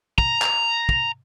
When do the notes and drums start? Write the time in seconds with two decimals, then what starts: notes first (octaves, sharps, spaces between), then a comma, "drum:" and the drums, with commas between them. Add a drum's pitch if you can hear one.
0.18 A#5, drum: kick
0.42 drum: clap
0.89 drum: kick